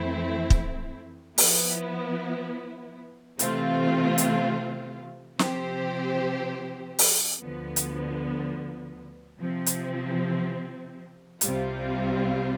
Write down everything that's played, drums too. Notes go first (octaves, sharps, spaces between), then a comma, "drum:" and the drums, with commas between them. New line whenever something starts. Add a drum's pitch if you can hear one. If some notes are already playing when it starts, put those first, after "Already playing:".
Already playing: F2 E3 A3 C4 E4
drum: kick
F3 B3 E4, drum: open hi-hat
C3 E3 A3 C4 F4, drum: hi-hat
drum: hi-hat
C3 F3 C4 G4 C5, drum: snare
drum: open hi-hat
D2 D3 F3 B3
drum: hi-hat
C3 F3 C4
drum: hi-hat
C2 C3 G3 C4 F4, drum: hi-hat